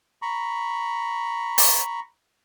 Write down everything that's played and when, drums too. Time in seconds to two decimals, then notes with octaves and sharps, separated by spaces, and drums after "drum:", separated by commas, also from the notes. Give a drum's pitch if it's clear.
0.22 A#5 B5 C#6
1.58 drum: open hi-hat